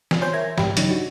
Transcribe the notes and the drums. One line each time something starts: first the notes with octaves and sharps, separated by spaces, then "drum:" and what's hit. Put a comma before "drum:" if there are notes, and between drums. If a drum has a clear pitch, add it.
drum: snare E3
C5 C#5 G#5 C6 G6
A#4 E5 G#6 A#6
G#2 G4 G5 B5, drum: snare E3
C#3 E3 F#3 C#4 D#4, drum: hi-hat
D4 F#4